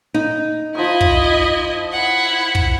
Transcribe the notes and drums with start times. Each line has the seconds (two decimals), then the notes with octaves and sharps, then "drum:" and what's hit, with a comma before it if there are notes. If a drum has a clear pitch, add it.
0.14 D#4
0.75 F3 E4 D#5 A#5 D#6
1.01 drum: kick
1.92 E4 F#5
2.55 drum: kick